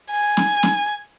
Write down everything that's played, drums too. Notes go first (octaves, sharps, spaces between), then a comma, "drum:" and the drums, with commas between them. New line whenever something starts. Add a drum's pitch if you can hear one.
G#5
drum: snare
drum: snare